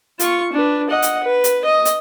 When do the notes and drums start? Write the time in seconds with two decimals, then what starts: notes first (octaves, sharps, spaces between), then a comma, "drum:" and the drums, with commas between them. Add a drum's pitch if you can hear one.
0.20 F4 C#6, drum: hi-hat
0.53 D4 B4
0.89 D#5 F#5
1.02 drum: hi-hat
1.23 B4
1.44 drum: hi-hat
1.65 D#5
1.85 drum: hi-hat